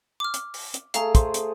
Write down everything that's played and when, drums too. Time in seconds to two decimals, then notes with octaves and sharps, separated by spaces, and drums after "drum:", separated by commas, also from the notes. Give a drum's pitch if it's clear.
0.20 D6 F6
0.34 drum: hi-hat
0.54 drum: open hi-hat
0.74 drum: hi-hat
0.94 A3 G#4 F5 A#5, drum: hi-hat
1.15 C5, drum: kick, hi-hat
1.34 drum: hi-hat